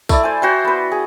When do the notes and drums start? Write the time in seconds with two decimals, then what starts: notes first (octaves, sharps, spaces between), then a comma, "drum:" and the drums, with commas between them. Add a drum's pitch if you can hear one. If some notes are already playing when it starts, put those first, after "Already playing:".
0.09 A3 E4 D5, drum: kick, tambourine
0.23 C5 G#5
0.42 F#4 C5 G5
0.64 B3 B4
0.92 G#4